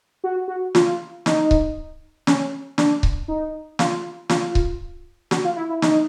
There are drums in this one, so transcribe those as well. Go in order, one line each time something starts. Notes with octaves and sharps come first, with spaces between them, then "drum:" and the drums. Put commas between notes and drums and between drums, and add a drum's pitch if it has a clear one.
F#4
F#4
F4, drum: snare
D#4, drum: snare
drum: kick C#1
C#4, drum: snare
D4, drum: snare
drum: kick C#1
D#4
F4, drum: snare
F4, drum: snare
drum: kick C#1
F#4, drum: snare
F4
E4
E4
D#4, drum: snare